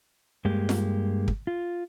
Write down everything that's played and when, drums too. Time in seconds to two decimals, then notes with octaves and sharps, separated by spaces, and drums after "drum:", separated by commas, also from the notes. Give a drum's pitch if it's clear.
0.45 G2 G#3 A#3 G4
0.69 drum: snare F4
1.28 drum: kick
1.47 F4